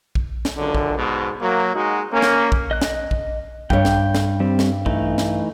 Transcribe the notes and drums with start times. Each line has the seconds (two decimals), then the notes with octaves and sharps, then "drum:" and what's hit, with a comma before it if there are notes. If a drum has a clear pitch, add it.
0.15 drum: kick A#1
0.45 drum: snare
0.56 C#2 F#2 D3
0.75 drum: kick A#1
0.97 G#2 B2
1.41 F#3 A#3
1.75 G#3 D#4 F#4
2.12 A#3 C#4
2.22 drum: snare
2.52 drum: kick A#1
2.71 D#5 F#6
2.82 drum: snare
3.11 drum: kick A#1
3.70 G2 C#5 G5, drum: kick A#1
3.85 drum: snare
4.15 drum: snare
4.40 G3 C4
4.59 drum: snare
4.86 E3 A3 D#4, drum: kick A#1
5.18 drum: snare